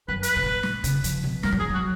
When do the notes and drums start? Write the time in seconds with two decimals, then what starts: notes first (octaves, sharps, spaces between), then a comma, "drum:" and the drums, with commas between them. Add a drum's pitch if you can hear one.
0.08 F#2 B4
0.23 B4, drum: hi-hat
0.36 B2
0.43 A#2
0.63 drum: snare
0.84 C#3, drum: hi-hat
1.04 F3, drum: hi-hat
1.24 B2
1.43 G#3 A#4, drum: snare
1.52 F#3
1.59 F3 G#4
1.70 F#3 F#4